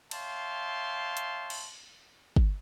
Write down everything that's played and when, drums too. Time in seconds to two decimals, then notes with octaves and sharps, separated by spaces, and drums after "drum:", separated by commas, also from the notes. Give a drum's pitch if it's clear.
0.11 C#5 E5 F5 G5 A5 C6, drum: cymbal
1.17 drum: hi-hat
1.50 drum: cymbal
2.36 drum: kick